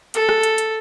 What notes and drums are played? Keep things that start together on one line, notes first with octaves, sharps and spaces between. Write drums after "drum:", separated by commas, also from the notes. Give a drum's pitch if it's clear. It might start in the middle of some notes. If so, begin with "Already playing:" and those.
A4, drum: hi-hat
drum: rim click
drum: hi-hat
drum: hi-hat